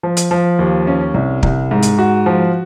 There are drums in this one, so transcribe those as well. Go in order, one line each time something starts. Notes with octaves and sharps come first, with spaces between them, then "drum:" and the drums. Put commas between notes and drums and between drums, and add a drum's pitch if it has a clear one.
F3
drum: hi-hat
F3
D#2
C#4
C2
C2, drum: kick
G#2
drum: hi-hat
F#4
F3